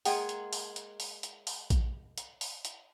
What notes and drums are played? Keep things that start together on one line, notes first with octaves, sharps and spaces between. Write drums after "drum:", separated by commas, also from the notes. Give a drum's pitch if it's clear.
G#3 A#3 G#4 F#5 G5, drum: open hi-hat
drum: hi-hat
drum: open hi-hat
drum: hi-hat
drum: open hi-hat
drum: hi-hat
drum: open hi-hat
drum: kick A#1, hi-hat
drum: hi-hat
drum: open hi-hat
drum: hi-hat